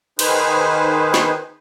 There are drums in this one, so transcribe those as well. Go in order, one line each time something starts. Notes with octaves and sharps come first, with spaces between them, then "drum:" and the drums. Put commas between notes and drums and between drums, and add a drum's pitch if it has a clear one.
D#3 D#4 G#4 B4 C5, drum: cymbal
drum: snare